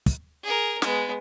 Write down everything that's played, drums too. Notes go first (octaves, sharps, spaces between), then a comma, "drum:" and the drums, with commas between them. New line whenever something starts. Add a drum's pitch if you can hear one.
drum: kick, hi-hat
G#4 A#4
G#3 B3, drum: snare